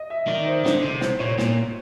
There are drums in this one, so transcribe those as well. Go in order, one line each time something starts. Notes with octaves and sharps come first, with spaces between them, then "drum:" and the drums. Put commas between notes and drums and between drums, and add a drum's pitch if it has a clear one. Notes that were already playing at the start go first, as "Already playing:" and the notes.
Already playing: D#5
E5
D#3 D5
C5
D3 C5, drum: snare
C3
C5, drum: snare
A#2 C#5
A#2, drum: snare